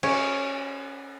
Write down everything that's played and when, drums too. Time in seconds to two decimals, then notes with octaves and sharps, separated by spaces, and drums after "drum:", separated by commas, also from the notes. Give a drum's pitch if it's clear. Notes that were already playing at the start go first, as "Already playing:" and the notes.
0.03 C#4, drum: cymbal